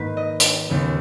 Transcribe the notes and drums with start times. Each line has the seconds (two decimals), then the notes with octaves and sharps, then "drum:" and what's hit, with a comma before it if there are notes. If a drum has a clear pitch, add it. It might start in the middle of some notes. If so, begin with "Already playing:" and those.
Already playing: G#2 D#3 A#3 B4
0.17 D#5
0.40 drum: hi-hat
0.69 D#2 C#3 G#3 B3